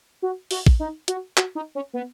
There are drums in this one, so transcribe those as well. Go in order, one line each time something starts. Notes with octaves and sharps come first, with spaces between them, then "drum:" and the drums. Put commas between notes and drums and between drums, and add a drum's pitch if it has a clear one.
F#4
F#4, drum: open hi-hat
drum: kick
D#4
F#4, drum: hi-hat
F#4, drum: clap
D#4
C#4
B3